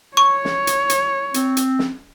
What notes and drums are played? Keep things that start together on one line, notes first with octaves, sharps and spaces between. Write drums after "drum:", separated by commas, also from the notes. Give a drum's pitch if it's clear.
C#5 C#6
drum: snare
drum: hi-hat
drum: hi-hat
C4, drum: hi-hat
drum: hi-hat
drum: snare